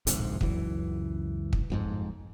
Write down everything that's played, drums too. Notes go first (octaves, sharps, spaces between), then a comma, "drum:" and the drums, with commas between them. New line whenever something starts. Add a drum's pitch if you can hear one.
D1 A#1 G#2 C3, drum: hi-hat
C#2 F#2 E3, drum: kick
drum: kick
G1 F2 G#2